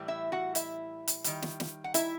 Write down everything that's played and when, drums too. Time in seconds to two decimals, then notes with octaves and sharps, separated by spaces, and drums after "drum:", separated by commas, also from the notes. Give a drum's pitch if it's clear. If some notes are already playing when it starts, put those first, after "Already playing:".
Already playing: A2 E3 G3
0.08 E4 E5
0.32 F#4 F#5
0.55 E4 E5, drum: hi-hat
1.08 drum: hi-hat
1.24 D#3 G3, drum: hi-hat
1.42 drum: snare
1.60 drum: snare
1.84 F#5
1.94 E4 E5, drum: hi-hat